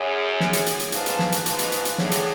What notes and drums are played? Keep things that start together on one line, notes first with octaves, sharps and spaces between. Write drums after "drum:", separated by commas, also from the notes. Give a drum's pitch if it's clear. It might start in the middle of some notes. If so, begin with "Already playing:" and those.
Already playing: F#2 G#4 C#5 G#5
G#4 C#5 G#5, drum: snare
drum: hi-hat
drum: hi-hat
drum: hi-hat
G#2 B4 F5 A5, drum: hi-hat
drum: hi-hat
drum: snare
drum: hi-hat
G#2 B4 F5 A5, drum: hi-hat
drum: hi-hat
drum: hi-hat
drum: hi-hat
A2 D4 G#4 C#5 F#5, drum: snare
drum: hi-hat